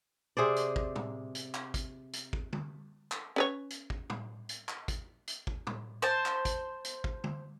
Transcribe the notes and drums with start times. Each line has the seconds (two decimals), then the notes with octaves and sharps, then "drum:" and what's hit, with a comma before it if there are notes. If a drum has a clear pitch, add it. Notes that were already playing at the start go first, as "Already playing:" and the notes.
0.37 C3 G#4 C5 D5
0.56 drum: hi-hat
0.76 drum: kick
0.96 drum: tom
1.35 drum: hi-hat
1.54 drum: clap
1.74 drum: kick, hi-hat
2.13 drum: hi-hat
2.33 drum: kick
2.53 drum: tom
3.12 drum: clap
3.36 C#4 B4 C#5
3.70 drum: hi-hat
3.90 drum: kick
4.10 drum: tom
4.49 drum: hi-hat
4.69 drum: clap
4.88 drum: kick, hi-hat
5.27 drum: hi-hat
5.47 drum: kick
5.67 drum: tom
6.02 C5 A5
6.26 drum: clap
6.45 drum: kick, hi-hat
6.85 drum: hi-hat
7.04 drum: kick
7.24 drum: tom